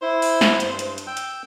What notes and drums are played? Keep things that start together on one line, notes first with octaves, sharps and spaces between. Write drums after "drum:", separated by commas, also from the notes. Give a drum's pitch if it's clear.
E4 C5
drum: open hi-hat
drum: snare
G2, drum: hi-hat
drum: hi-hat
drum: hi-hat
G5 E6 G6
drum: hi-hat